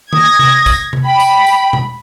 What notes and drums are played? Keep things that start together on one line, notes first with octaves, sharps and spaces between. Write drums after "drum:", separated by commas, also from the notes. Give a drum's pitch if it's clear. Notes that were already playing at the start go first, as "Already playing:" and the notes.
D#6 G#6 A#6, drum: tom D3
drum: tom C3
drum: kick, tambourine
drum: tom C3
G5 B5
drum: tambourine
drum: tambourine
drum: tom B2